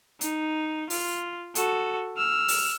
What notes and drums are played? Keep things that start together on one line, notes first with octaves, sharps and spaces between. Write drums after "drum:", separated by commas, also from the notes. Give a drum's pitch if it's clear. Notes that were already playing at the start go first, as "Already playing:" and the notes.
D#4, drum: hi-hat
F4, drum: open hi-hat
F#4 A4, drum: hi-hat
E6 F6
drum: open hi-hat